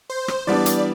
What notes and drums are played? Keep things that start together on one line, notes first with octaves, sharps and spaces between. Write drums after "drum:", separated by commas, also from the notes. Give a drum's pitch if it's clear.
C5
drum: rim click
E3 G3 B3 D4 D5
drum: hi-hat